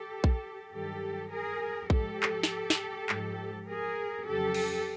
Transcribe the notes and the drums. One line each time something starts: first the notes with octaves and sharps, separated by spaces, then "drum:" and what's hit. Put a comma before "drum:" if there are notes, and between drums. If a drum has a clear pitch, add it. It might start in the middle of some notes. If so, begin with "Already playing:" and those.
Already playing: G4 A4
drum: kick A#1
G2 D#3 F#3 G4 A4
G#4 A#4
G#2 F3 G4 A4, drum: kick A#1
drum: clap
drum: snare
drum: snare
G#2 F3, drum: clap
G#4 A#4
F2 C#3 F#3 G4 A4
drum: cymbal